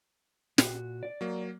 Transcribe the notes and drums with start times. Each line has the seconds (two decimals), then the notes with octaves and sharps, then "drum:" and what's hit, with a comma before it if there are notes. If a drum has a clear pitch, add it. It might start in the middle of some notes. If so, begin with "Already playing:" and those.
0.58 A#2 F#4, drum: snare
1.03 D5
1.21 F#3 A#3